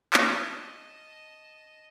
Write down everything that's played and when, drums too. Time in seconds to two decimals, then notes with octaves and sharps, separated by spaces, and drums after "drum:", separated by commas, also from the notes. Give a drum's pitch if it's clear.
0.13 D#5 A5, drum: clap